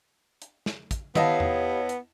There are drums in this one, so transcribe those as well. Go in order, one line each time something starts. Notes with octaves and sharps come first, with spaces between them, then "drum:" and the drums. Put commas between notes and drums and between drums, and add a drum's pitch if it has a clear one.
drum: hi-hat
drum: snare
drum: kick, hi-hat
B3 E4 G4 C#5 D#5 F5 A5, drum: tom D#3
drum: tom E2
drum: hi-hat